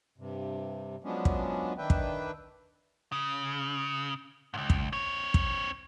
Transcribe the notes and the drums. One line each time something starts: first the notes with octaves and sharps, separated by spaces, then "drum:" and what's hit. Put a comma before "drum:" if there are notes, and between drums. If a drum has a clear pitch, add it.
G2 C3
F3 F#3 G#3 B3 C#4 D4
drum: kick
D#3 D4 B4 E5 G5
drum: kick
C#3
C#2 G#2
drum: kick
C4 C#5
drum: kick